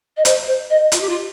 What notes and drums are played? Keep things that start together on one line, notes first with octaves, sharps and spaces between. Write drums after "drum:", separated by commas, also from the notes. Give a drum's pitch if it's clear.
D#5
C5, drum: hi-hat
C5
D#5
F4, drum: hi-hat
G4
F4